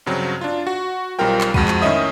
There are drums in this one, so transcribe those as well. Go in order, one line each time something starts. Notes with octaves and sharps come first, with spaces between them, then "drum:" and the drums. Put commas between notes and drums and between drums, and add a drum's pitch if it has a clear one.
G2 C#3 F#3 C4
D4 F4
F#4
B1 G3 C4 F4 A#4 G5
drum: clap
F2 G#3 F#4 B5 D#7, drum: kick
drum: clap
A2 D#3 C#4 D#5 E5 D#6